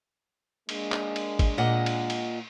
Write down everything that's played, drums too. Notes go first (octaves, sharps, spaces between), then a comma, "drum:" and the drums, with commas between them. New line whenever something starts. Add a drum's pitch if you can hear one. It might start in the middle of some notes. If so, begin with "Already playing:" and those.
G#3 A#3 D4, drum: cymbal
drum: clap
drum: cymbal
drum: kick G#1, cymbal
A#2 D#5 F#5
drum: cymbal
drum: cymbal